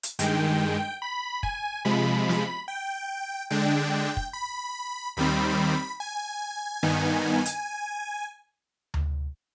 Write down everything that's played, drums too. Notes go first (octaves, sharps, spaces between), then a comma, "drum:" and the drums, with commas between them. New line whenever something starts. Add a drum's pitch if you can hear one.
drum: hi-hat
G2 D#3 G#3 G5, drum: hi-hat
B5
G#5, drum: kick
C3 F3 G#3 B5
drum: snare
G5
D3 G#3 D4 G5
drum: kick
B5
D#2 D#3 G3 C4 B5
G#5
G2 D#3 B3 D#4
drum: hi-hat
drum: tom D2